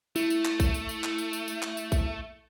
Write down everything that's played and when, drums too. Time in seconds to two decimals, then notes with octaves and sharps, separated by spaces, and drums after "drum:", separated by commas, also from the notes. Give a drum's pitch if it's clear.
0.16 A3 E4, drum: tambourine
0.30 drum: tambourine
0.45 drum: clap
0.60 drum: kick, tambourine
0.74 drum: tambourine
0.89 drum: tambourine
1.04 drum: clap
1.18 drum: tambourine
1.33 drum: tambourine
1.48 drum: tambourine
1.62 drum: clap
1.77 drum: tambourine
1.92 drum: kick, tambourine